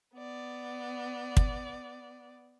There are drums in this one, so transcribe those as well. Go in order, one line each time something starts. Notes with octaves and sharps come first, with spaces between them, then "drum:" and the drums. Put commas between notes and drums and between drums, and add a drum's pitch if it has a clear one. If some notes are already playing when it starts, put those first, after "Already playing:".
B3 D5
drum: kick